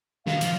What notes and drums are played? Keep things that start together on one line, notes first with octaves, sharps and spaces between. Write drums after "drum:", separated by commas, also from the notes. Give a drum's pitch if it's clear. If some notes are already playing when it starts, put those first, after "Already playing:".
D#3 F5, drum: snare
F3, drum: hi-hat